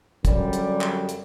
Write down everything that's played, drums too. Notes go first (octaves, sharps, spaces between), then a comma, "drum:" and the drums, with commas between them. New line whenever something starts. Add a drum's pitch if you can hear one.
F#2 D3 G3, drum: kick, hi-hat
drum: hi-hat
drum: clap
drum: hi-hat